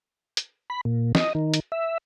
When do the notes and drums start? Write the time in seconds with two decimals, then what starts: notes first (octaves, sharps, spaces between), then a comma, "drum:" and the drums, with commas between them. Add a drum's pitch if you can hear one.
0.37 drum: hi-hat
0.70 B5
0.85 A#2
1.15 D#5, drum: snare
1.35 D#3
1.54 drum: hi-hat
1.72 E5